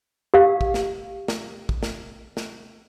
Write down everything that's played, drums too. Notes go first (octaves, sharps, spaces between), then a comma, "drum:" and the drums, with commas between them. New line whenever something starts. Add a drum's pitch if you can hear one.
G4 F5
drum: kick
drum: snare
drum: snare
drum: kick
drum: snare
drum: snare